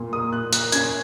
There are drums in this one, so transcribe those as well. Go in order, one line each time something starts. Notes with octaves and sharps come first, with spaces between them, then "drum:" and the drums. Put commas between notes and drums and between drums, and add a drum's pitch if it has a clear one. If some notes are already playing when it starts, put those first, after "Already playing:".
Already playing: A#2
A#3 D#6
A#2 F#6
A#3 F#6, drum: hi-hat
C#4 G#6, drum: hi-hat